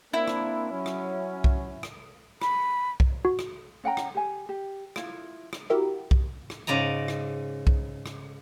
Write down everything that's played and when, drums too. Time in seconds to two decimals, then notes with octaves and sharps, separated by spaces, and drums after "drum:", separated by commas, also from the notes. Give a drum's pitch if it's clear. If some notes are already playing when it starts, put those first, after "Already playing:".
0.13 A#3 C4 D4 E4
0.28 drum: rim click
0.71 F#3 C#4
0.86 drum: rim click
1.44 drum: kick B1
1.83 drum: rim click
2.42 B5, drum: rim click
3.00 drum: kick B1
3.25 F#4
3.39 drum: rim click
3.84 C#4 F#5 G5 A#5
3.97 drum: rim click
4.15 G4 G#5
4.49 G4
4.96 E4 F4, drum: rim click
5.53 drum: rim click
5.70 E4 F#4 G4 A#4 E5
6.11 drum: kick B1
6.50 drum: rim click
6.67 G#2 C#3 D5 D#5 A#5
7.08 drum: rim click
7.67 drum: kick B1
8.06 drum: rim click